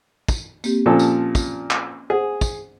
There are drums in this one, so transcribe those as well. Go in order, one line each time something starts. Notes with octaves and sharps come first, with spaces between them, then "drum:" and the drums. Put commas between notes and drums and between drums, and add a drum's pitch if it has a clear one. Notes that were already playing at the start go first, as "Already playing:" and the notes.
drum: kick, tambourine
A#3 C4 G4, drum: tambourine
A#2 F3 C#4 A4
drum: tambourine
drum: kick, tambourine
drum: clap
G#4 C5 F#5 G#5
drum: kick, tambourine